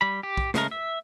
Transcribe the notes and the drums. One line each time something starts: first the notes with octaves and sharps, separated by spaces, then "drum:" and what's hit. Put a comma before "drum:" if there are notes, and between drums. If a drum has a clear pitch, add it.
G3 B5
G4
drum: kick
C#3 G#3 A3 A#4, drum: snare
E5